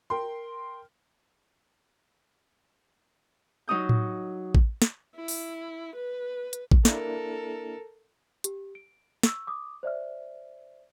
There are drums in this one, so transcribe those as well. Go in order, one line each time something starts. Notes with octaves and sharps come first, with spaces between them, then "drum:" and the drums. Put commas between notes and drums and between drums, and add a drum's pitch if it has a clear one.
A#4 G5 C6
F#3 D#4 D#6 G6
drum: tom A2
drum: kick A1
drum: snare
E4
drum: open hi-hat
B4
drum: hi-hat
drum: kick A1
A#3 D4 E4 A4 A#4, drum: snare
G4, drum: hi-hat
D7
C#6 E6, drum: snare
D6 D#6
C5 D5 E5 F6